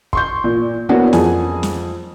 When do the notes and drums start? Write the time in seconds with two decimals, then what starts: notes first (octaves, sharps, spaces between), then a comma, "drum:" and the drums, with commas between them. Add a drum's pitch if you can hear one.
0.13 C6 C#6 G6, drum: kick
0.44 A#2
0.89 A#3 B3 C#4 D4 E4 F#4
1.13 F2 G#4 G#5, drum: snare
1.63 drum: snare